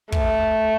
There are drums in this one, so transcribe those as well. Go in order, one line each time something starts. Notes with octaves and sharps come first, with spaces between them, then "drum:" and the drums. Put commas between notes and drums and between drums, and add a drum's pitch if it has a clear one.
A3, drum: kick